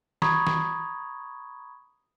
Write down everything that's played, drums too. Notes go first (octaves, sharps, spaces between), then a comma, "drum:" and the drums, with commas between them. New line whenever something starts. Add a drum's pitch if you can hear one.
A#5 B5 C#6 D#6 G#6, drum: snare
drum: snare